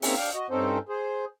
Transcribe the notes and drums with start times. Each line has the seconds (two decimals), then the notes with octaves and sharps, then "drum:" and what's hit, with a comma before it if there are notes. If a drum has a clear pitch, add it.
0.02 A#3 C4 C#4 D#4 G#4 E5, drum: open hi-hat
0.16 D4 F5 G5
0.34 F#4 D#5
0.50 G2 C4 C#4 D#4 A4 C5
0.89 G#4 C5